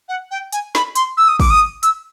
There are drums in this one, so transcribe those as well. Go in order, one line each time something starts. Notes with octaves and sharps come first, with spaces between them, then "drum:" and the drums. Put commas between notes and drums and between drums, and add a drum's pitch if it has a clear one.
F#5
G5
G#5, drum: hi-hat
B5, drum: snare
C6, drum: hi-hat
E6
D#6
D6, drum: kick, open hi-hat
D#6
E6, drum: hi-hat